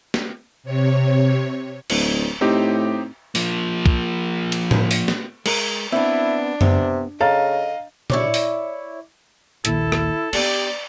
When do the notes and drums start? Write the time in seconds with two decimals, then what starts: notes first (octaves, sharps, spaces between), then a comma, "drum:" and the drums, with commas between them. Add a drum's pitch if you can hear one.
0.14 drum: snare
0.63 C3 C#5
1.90 D1, drum: cymbal
2.41 A2 C4 D#4 G4
3.35 F3 A#3, drum: open hi-hat
3.86 drum: kick
4.52 drum: cymbal
4.71 drum: tom A2
4.91 drum: open hi-hat
5.08 drum: snare
5.46 G#3 A#4, drum: cymbal
5.92 B3 C4 D4 E4
6.61 C3 B3, drum: tom F#2
7.21 C#3 A4 D#5 F5 A#5 A6
8.10 E4 C#5 D5, drum: tom
8.34 drum: open hi-hat
9.65 A#1 D#2 E4 A4, drum: hi-hat
9.92 drum: rim click
10.33 B3 D4 G4 D5, drum: cymbal